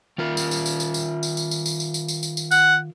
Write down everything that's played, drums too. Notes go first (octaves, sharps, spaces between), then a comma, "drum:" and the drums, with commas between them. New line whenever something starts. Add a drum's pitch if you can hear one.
D#3 F4 A#4
drum: tambourine
drum: tambourine
drum: tambourine
drum: tambourine
drum: tambourine
drum: tambourine
drum: tambourine
drum: tambourine
drum: tambourine
drum: tambourine
drum: tambourine
drum: tambourine
drum: tambourine
drum: tambourine
F#5, drum: tambourine